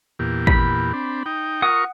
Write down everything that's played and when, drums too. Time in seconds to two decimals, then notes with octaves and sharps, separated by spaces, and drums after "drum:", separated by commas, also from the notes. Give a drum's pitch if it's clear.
0.19 E2 A#2 G4
0.47 B5, drum: kick
0.93 C4 D4
1.26 D#4 G5
1.62 F4 A#4 F#5 C#6 D#6